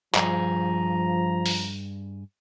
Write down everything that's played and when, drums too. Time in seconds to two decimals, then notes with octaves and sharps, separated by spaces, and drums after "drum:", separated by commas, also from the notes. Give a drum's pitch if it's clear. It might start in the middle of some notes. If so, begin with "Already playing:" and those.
0.15 G2 F3 G#4 A#5, drum: clap
1.46 drum: open hi-hat